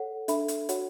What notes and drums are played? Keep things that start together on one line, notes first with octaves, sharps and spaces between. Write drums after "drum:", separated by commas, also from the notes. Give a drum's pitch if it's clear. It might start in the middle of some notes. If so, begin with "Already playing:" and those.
Already playing: A4 C#5 F#5
D4 A4 E5 B5, drum: hi-hat
drum: hi-hat
F#4 C#5 F#5 B5, drum: hi-hat